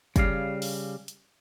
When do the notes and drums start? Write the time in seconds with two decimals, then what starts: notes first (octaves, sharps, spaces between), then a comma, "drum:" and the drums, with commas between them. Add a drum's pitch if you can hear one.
0.16 C#3 G3 F5, drum: kick, hi-hat
0.62 drum: open hi-hat
1.08 drum: hi-hat